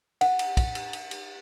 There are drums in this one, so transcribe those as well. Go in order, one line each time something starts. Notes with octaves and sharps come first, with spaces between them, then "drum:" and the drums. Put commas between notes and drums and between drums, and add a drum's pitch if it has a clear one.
F#5, drum: cymbal
drum: cymbal
drum: kick, cymbal
drum: cymbal
drum: cymbal
drum: cymbal